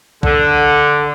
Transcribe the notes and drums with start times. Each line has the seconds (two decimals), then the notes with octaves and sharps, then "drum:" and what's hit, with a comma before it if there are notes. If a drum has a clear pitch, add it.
0.23 D3, drum: kick B1